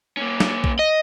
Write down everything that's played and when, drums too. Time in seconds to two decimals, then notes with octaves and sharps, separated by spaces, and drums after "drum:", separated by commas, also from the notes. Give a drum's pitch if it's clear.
0.17 A#3 C#4
0.40 drum: snare
0.64 drum: kick A#1
0.79 D#5